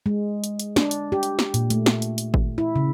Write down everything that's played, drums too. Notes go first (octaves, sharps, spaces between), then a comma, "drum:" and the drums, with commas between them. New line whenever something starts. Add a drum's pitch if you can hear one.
G#3
drum: hi-hat
drum: hi-hat
D4, drum: snare
drum: hi-hat
G4
drum: hi-hat
drum: snare
A#2, drum: hi-hat
A3, drum: hi-hat
drum: snare
drum: hi-hat
drum: hi-hat
drum: kick G#1
E4
C#3